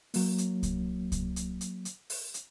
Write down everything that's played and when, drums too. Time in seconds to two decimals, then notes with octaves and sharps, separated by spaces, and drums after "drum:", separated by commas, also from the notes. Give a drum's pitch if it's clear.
0.14 F#3 A#3, drum: open hi-hat
0.38 drum: hi-hat
0.63 drum: kick C2, hi-hat
1.12 drum: kick C2, hi-hat
1.36 drum: hi-hat
1.61 drum: hi-hat
1.85 drum: hi-hat
2.10 drum: open hi-hat
2.34 drum: hi-hat